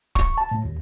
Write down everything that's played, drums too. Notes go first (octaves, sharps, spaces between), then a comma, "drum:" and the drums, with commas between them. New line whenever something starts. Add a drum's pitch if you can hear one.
C#6, drum: kick
A5
A2
D#2